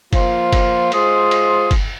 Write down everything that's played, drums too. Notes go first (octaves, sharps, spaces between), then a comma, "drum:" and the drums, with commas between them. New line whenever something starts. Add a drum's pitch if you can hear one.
F3 A#3 F4 C5, drum: kick G1, cymbal
drum: kick G1, cymbal
G#3 F4 G#4 C5, drum: cymbal
drum: cymbal
drum: kick G1, cymbal